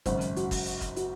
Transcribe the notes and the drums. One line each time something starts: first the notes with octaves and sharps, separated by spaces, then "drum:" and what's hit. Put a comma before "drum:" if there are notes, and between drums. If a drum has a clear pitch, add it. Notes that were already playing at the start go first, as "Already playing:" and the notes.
G#1 F#2 C#3 C5, drum: kick, hi-hat
drum: hi-hat
F#4, drum: hi-hat
drum: kick, open hi-hat
drum: hi-hat
drum: kick, hi-hat
F#4, drum: hi-hat